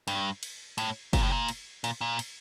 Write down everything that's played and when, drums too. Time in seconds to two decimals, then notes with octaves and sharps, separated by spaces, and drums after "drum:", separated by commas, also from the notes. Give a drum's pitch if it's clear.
0.08 G2, drum: cymbal
0.43 drum: cymbal
0.78 A2, drum: cymbal
1.13 A#2, drum: kick F#1, cymbal
1.23 A2
1.32 A#2
1.49 drum: cymbal
1.84 A#2, drum: cymbal
2.01 A#2
2.19 drum: cymbal